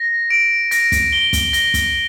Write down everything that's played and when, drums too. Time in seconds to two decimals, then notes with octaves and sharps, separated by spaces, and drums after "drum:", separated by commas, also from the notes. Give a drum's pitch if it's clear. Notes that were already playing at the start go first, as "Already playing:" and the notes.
Already playing: A#6
0.30 D7
0.71 A#6, drum: hi-hat
0.92 drum: kick, hi-hat
1.13 G7
1.33 drum: kick, hi-hat
1.53 A#6, drum: hi-hat
1.74 drum: kick, hi-hat